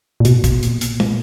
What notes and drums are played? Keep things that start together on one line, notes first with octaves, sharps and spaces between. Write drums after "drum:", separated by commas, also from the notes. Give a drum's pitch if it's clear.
A#2
B2, drum: hi-hat
drum: kick, hi-hat
A#2, drum: hi-hat
drum: hi-hat
drum: tom